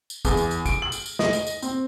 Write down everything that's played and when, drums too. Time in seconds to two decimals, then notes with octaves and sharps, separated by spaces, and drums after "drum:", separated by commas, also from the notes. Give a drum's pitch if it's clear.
0.10 drum: tambourine
0.25 E2, drum: kick, tambourine
0.37 drum: tambourine
0.51 drum: tambourine
0.66 D7, drum: kick, tambourine
0.82 F#7
0.92 drum: tambourine
1.06 drum: tambourine
1.19 D#5, drum: snare
1.33 drum: tambourine
1.47 drum: tambourine
1.62 C4, drum: tambourine